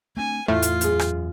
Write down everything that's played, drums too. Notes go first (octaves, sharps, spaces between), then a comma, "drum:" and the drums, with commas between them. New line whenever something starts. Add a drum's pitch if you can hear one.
A3 C4 D4 G#5
E2 A2 A3 F4
drum: hi-hat
F#2 G#4, drum: hi-hat
drum: rim click